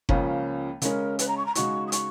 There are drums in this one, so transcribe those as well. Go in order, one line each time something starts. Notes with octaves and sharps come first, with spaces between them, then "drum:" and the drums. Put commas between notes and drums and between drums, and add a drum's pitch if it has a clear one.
C#2 C#3 F3 A#3 C#4, drum: kick F#1
C#3 G#3 C#4 A#4, drum: hi-hat
B4, drum: hi-hat
A#5
C#6
A#5
C#3 G#3 D#4 F#4 C#6, drum: hi-hat
D#6
C#6, drum: hi-hat